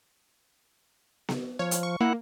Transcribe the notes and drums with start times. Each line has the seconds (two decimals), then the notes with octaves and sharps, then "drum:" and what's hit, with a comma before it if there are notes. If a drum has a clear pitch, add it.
1.29 drum: snare B3
1.59 F3 C#5
1.71 drum: hi-hat
1.83 C#6
2.01 A#3 E4 F#5